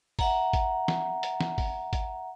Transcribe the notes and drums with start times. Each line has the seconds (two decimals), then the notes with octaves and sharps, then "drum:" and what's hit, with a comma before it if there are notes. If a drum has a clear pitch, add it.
0.19 E5 F#5 A#5, drum: kick G#1, open hi-hat
0.53 drum: kick G#1, hi-hat
0.88 drum: snare
1.23 drum: hi-hat
1.40 drum: snare
1.58 drum: kick G#1, open hi-hat
1.93 drum: kick G#1, hi-hat